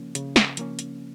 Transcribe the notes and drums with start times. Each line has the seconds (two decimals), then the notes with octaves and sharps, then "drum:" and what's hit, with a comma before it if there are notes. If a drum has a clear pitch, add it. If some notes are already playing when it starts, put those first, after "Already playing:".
Already playing: C#3 F3 A#3 C#4
0.15 C#3, drum: hi-hat
0.36 drum: snare
0.57 F3 A#3 C#4, drum: hi-hat
0.79 drum: hi-hat